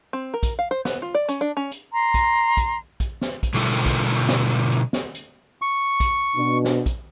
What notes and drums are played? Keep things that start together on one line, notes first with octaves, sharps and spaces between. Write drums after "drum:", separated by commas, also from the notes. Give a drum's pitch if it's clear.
C4
A#4
drum: kick, hi-hat
F5
C5
B3, drum: snare
F4
D5
C#4, drum: hi-hat
D4
C#4
drum: hi-hat
A#5 C6
drum: kick, hi-hat
drum: kick, hi-hat
drum: kick, hi-hat
drum: snare
drum: kick, hi-hat
B2 D3 G3 F4 A4
drum: kick, hi-hat
drum: snare
drum: hi-hat
drum: snare
drum: hi-hat
C#6
drum: kick, hi-hat
B2 D4
drum: snare
drum: kick, hi-hat